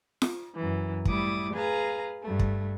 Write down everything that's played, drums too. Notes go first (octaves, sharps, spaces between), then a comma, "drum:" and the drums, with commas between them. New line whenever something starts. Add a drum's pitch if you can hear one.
drum: snare F4
F#2 E3
A2 G3 E4 D6 D#6, drum: kick
G#4 B4 F5 A#5
G2 A3
drum: kick